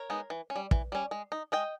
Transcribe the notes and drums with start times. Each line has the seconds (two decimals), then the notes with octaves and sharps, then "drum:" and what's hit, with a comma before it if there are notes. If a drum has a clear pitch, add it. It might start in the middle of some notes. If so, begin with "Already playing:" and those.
Already playing: A#4 C#5
0.10 G#3 B3 D#4
0.30 E3
0.50 C#4
0.56 G3
0.71 E3, drum: kick
0.92 G3 C#4
1.11 G#3
1.32 D#4
1.52 G#3 D#5 G5